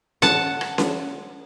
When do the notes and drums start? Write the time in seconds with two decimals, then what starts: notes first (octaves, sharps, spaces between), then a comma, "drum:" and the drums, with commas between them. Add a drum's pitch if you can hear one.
0.22 F#5 A5, drum: snare C#4
0.61 drum: rim click
0.78 drum: snare C#4